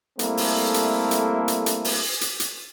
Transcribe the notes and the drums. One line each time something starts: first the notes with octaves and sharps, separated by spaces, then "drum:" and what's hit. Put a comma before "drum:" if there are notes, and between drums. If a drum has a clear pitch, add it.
G3 A3 A#3 C4 E4 A4, drum: hi-hat
drum: open hi-hat
drum: hi-hat
drum: hi-hat
drum: hi-hat
drum: hi-hat
drum: open hi-hat
drum: hi-hat
drum: hi-hat